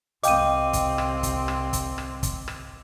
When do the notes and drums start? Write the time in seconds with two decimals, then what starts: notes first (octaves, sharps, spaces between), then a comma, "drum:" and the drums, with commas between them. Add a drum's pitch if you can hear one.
0.23 C2 C4 D#5 F5 G5 D6 D#7, drum: hi-hat
0.73 drum: kick, hi-hat
0.98 drum: rim click
1.23 drum: kick, hi-hat
1.48 drum: rim click
1.73 drum: kick, hi-hat
1.98 drum: rim click
2.23 drum: kick, hi-hat
2.48 drum: rim click